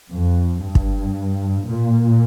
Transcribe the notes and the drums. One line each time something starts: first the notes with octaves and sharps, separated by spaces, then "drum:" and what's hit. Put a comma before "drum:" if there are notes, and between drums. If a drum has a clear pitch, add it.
F2
G2
drum: kick
A#2